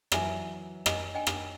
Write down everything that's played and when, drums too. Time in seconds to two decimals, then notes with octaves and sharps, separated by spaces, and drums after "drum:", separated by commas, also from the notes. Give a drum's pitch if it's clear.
0.12 E3 F#3 D5 E5 G#5, drum: rim click
0.86 D#5 G5 G#5, drum: rim click
1.15 D4 D#5 G5 G#5
1.27 drum: rim click